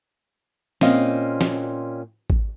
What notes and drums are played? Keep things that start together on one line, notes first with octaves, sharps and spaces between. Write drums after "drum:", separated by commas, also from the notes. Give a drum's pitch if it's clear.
A#2 C4 C#4 D#5 F5, drum: snare
drum: snare
drum: kick G#1